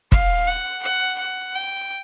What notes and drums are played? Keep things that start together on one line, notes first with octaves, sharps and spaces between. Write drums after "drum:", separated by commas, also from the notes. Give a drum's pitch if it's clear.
F5, drum: kick F1
F#5
F#5
F#5
G5